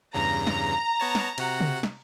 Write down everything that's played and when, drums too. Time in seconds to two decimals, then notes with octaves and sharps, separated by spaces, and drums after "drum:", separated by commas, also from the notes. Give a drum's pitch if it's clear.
0.15 E2 G2 C#3 A#5
0.47 drum: snare
1.00 B3 C#5 A5
1.15 drum: snare
1.38 C3 F#4 F#5, drum: cymbal
1.60 drum: tom
1.83 drum: snare